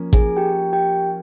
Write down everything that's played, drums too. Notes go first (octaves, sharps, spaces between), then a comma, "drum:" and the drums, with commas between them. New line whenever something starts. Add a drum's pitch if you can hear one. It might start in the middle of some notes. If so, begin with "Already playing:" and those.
Already playing: F3 A#3 C#4
G#4 G#5, drum: kick A1
G4 G5
G4 G5